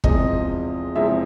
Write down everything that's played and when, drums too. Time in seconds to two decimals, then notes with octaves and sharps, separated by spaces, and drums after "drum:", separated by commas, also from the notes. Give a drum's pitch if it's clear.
0.04 E2 C3 F3 G#3 D#5, drum: kick
0.95 E2 C3 F3 G#3 E5